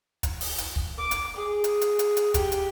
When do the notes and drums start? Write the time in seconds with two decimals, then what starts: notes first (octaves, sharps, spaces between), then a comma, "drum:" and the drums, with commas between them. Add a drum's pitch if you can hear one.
0.23 drum: kick, hi-hat
0.41 drum: open hi-hat
0.58 drum: hi-hat
0.76 drum: kick
0.98 D6
1.11 drum: hi-hat
1.36 G#4
1.64 drum: hi-hat
1.81 drum: hi-hat
1.99 drum: hi-hat
2.17 drum: hi-hat
2.34 G4, drum: kick, hi-hat
2.52 drum: hi-hat